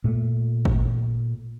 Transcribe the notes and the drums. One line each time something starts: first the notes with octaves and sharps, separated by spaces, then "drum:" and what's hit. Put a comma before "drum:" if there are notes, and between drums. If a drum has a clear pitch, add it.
A#2 A3
drum: kick G#1